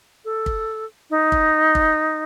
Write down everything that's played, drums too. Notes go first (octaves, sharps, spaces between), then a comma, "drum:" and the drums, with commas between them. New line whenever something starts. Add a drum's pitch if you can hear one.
A4
drum: kick
D#4
drum: kick
drum: kick